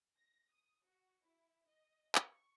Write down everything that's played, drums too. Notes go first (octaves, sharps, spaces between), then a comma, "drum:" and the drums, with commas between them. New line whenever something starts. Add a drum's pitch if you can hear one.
A#6
D#6
F#4
E4
D#5
C#6, drum: clap